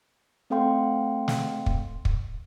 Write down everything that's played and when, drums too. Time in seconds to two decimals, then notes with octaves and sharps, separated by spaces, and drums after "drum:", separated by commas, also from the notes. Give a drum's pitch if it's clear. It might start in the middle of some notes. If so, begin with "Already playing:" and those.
0.50 A3 C4 A4 F5 G5 C6
1.28 drum: snare
1.66 drum: kick
2.05 drum: kick